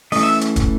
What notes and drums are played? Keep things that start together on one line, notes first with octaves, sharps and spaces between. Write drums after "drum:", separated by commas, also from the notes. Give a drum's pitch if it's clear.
E3 A3 C#4 D#5, drum: open hi-hat
E5
drum: hi-hat
drum: kick, hi-hat